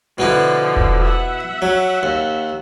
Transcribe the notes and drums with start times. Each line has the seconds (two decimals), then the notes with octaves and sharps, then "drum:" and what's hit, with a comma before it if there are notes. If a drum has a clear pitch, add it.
0.18 B2 D3 F3 B3 E4
0.76 drum: kick E1
1.04 E5 F#5
1.62 F#3
2.03 D#2